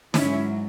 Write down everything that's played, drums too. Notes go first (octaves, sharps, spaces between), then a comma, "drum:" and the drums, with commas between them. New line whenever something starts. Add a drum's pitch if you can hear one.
G#2 F#3 C#4 E4, drum: snare